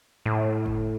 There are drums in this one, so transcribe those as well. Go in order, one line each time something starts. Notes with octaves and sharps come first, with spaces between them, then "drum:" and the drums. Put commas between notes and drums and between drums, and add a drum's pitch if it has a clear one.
A2
drum: kick F#1